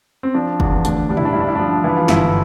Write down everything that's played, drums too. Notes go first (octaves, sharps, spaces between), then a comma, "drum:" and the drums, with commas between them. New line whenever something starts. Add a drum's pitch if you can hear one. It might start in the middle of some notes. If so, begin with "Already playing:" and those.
C4
F3 D4
E2, drum: kick
D2 D4, drum: hi-hat
G3 D4
E4, drum: tom
D4
G2 E4
D4
E4
F3 D4
E3 E4
F4
G1 E4, drum: snare